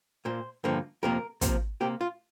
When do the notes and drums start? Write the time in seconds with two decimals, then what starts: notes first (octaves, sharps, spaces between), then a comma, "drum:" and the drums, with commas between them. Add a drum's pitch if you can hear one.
0.25 A#2 A#3 C5
0.64 G2 D3 F3 A#3
1.03 F2 C3 A#3 A#4
1.41 C3 F3 A#3, drum: kick, hi-hat
1.81 C3 A#3 G4
2.01 F4